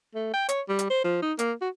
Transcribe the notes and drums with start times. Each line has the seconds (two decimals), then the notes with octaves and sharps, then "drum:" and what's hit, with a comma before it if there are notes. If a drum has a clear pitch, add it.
0.15 A3
0.34 G5
0.49 C#5, drum: hi-hat
0.69 G3
0.79 drum: hi-hat
0.90 C5
1.04 F3
1.22 D#4
1.39 A#3, drum: hi-hat
1.61 F#4